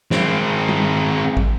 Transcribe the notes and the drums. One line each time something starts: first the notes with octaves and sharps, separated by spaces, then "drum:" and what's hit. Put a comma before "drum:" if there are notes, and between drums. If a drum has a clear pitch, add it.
G#3 C4, drum: snare
drum: tom G3
drum: kick